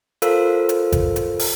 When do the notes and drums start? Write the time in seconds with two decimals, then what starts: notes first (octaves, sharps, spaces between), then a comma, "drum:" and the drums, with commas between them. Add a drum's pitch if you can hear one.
0.22 F4 A4 A#4 C5 F5 E6, drum: hi-hat
0.69 drum: hi-hat
0.92 drum: kick G#1, hi-hat
1.16 drum: hi-hat
1.39 drum: open hi-hat